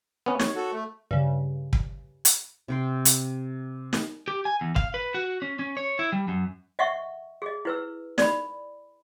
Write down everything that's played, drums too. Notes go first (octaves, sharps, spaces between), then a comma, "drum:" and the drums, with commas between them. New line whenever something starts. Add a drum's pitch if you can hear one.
B3 C#4
C#5, drum: snare
F#4 A4
A3
G2 C#3
drum: kick
drum: hi-hat
C3 G5 C6
drum: hi-hat
drum: snare
G4
G#5
E2
F5, drum: kick
B4
F#4
C#4
C#4
C#5
E4
G3
F#2
D#5 E5 F#5 C#6
G#4 D#5
E4 B4 E6
D5 B5, drum: snare